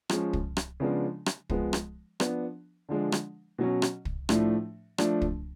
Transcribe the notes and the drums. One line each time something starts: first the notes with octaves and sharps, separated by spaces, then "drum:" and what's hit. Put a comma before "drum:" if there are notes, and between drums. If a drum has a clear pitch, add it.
F3 G#3 C#4, drum: rim click
drum: kick
drum: rim click
C#3 F3 G#3 B3 D4
drum: rim click
F3 G#3 B3, drum: kick
drum: rim click
F3 B3 D4, drum: rim click
D3 F3 G#3 D4
drum: rim click
B2 F#3 C#4
drum: rim click
drum: kick
A2 F3 A3 D4, drum: rim click
F3 A3 D4, drum: rim click
drum: kick